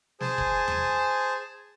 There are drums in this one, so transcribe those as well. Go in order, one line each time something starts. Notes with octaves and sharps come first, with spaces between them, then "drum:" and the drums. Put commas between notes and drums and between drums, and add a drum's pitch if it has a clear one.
G#4 C5 G#5 A5, drum: snare
drum: kick F#1
drum: tom E2